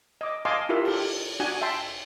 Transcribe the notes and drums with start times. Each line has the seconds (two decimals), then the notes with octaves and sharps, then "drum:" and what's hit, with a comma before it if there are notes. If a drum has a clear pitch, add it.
0.21 D#5 D6
0.45 D#5 F5 G#5 A5 C6 D6
0.69 E4 F4 G4 A#4 E5
0.85 G4 A4, drum: cymbal
1.40 D4 F#4 G#5
1.61 E5 G5 A5 C6